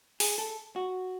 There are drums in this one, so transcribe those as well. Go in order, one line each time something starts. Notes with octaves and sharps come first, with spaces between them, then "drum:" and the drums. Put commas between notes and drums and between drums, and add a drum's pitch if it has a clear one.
G#4, drum: open hi-hat
A4
F#4